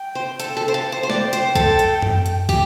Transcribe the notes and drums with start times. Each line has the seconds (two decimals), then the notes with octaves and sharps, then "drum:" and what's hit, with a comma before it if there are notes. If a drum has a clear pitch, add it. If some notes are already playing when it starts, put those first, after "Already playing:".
Already playing: G5
0.15 C5
0.40 A4, drum: hi-hat
0.57 A4
0.68 C5
0.74 A4
0.92 C5
1.03 C5
1.10 D5 G5, drum: snare
1.33 C5, drum: hi-hat
1.55 A4, drum: kick, hi-hat
1.79 drum: hi-hat
2.02 drum: tom F#2
2.26 drum: hi-hat
2.49 G4, drum: kick, open hi-hat